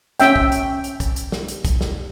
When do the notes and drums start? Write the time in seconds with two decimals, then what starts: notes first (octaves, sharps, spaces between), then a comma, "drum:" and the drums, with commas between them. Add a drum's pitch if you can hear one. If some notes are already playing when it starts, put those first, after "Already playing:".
0.20 C#4 E5 G5, drum: hi-hat
0.36 drum: kick
0.52 drum: hi-hat
0.84 drum: hi-hat
1.00 drum: kick, hi-hat
1.16 drum: hi-hat
1.32 drum: snare
1.48 drum: hi-hat
1.65 drum: kick, hi-hat
1.81 drum: snare